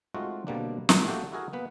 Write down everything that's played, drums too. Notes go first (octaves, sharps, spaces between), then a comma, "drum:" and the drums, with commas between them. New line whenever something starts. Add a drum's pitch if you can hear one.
G#3 A3 C4 D#4 F4 F#4
B2 D3 G3 A#3 C4 D4
A#2 G#3, drum: snare
A3 A#3 F#4 G4 A4
E4 F#4 G#4 A#4
A#3 B3 B4